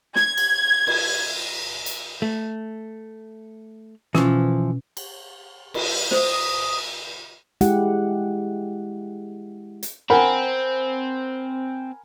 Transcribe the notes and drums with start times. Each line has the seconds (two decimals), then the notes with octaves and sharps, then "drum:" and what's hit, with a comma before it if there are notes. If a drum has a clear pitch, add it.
0.16 G#6, drum: snare
0.37 drum: cymbal
0.87 drum: cymbal
1.86 drum: hi-hat
2.22 A3
4.15 B2 E3 F3 C#4 E6, drum: snare
4.97 drum: cymbal
5.74 drum: cymbal
6.11 C5 D#6, drum: snare
7.61 G#3 E4 G4 F#5, drum: hi-hat
9.83 drum: hi-hat
10.10 C4 A#4 F#5 G#5 B5